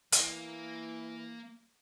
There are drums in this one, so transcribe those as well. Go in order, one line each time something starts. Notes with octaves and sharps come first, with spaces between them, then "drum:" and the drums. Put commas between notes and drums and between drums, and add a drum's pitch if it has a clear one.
E3 A#3, drum: hi-hat